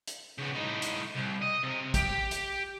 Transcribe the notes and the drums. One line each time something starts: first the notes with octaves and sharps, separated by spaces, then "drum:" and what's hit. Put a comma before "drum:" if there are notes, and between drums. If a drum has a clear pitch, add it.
drum: hi-hat
C#3 B3
A2 D#4
drum: hi-hat
C2
D#5
C3
G4, drum: kick, hi-hat
drum: hi-hat